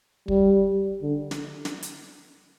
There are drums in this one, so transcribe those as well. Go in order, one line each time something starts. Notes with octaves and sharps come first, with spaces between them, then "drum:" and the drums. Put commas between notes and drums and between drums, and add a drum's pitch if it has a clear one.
G3, drum: kick
D3
drum: snare
drum: snare
drum: hi-hat